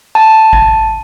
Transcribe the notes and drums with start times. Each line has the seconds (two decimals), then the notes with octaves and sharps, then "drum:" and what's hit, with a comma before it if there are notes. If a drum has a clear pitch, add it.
0.15 A5
0.53 drum: kick G#1